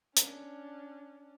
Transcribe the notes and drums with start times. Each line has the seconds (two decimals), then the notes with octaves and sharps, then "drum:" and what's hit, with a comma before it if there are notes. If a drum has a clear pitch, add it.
0.17 C#4 D4, drum: hi-hat